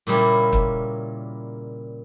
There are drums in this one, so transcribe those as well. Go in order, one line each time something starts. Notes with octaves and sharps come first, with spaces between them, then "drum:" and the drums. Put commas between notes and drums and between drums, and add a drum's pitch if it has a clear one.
A#2 C#3 G3 A#3 E4
drum: kick